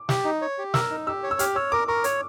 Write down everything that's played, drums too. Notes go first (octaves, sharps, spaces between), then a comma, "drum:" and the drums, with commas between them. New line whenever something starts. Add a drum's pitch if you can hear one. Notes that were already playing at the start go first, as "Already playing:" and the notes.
Already playing: D6
G4, drum: snare
D#4
C#5
G4
A#4 E6, drum: snare
D#4
G4 E6
C#5
E6
G4 F6, drum: hi-hat
C#5 E6
A#4 D6
A#4 C#6
C#5, drum: hi-hat